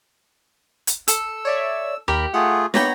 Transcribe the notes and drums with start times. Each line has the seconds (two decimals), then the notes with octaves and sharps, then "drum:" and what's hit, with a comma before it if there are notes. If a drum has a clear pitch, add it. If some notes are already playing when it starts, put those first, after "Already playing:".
0.87 drum: hi-hat
1.08 A4 E6, drum: hi-hat
1.45 C#5 D5 E5
2.08 D#2 G4 A#4 B5
2.34 A3 F4 G#4 F#5
2.74 A#3 B3 C#5 G5 A#5 B5, drum: snare